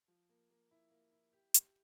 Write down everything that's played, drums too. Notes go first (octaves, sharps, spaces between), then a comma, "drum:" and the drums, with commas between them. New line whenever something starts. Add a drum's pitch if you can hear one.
F3
A#3
A#3
E4
A#3
E4
G4
G4, drum: hi-hat